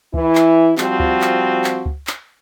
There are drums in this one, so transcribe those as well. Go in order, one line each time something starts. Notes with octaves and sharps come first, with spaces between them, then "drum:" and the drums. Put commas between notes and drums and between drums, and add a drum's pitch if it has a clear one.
E3 E4, drum: kick C#2
drum: clap
F3 G3 C4 F4 F#4, drum: clap
drum: kick C#2
drum: clap
drum: clap
drum: kick C#2
drum: clap